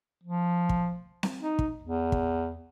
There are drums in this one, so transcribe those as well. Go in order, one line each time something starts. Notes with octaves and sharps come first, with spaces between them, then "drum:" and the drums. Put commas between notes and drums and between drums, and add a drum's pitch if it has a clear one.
F3
drum: kick
drum: snare C4
D#4
drum: kick
E2
drum: kick